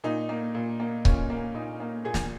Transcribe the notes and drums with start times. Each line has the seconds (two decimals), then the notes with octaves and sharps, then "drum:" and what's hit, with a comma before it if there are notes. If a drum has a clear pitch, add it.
0.04 A#2 D#4
0.29 A#3
0.55 A#2
0.80 A#3
1.05 A#2 C#4, drum: kick C#1
1.30 A#3
1.54 A#2 D#4
1.80 A#3
2.05 A#2 G#4
2.14 drum: snare